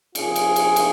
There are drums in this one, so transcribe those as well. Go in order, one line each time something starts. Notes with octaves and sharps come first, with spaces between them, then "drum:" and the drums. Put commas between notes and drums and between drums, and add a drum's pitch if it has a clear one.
C3 F3 A#3 F4 G#4, drum: cymbal
drum: cymbal
drum: cymbal
drum: cymbal